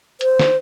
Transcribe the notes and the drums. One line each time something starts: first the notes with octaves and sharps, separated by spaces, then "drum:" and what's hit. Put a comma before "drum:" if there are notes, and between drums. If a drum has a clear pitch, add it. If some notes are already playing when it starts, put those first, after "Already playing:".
C5, drum: hi-hat
drum: snare